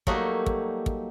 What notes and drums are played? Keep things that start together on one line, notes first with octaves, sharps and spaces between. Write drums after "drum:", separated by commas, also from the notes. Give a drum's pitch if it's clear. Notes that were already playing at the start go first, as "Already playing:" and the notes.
F#3 G3 A3 A#3 D#4 F#4, drum: kick
drum: kick
drum: kick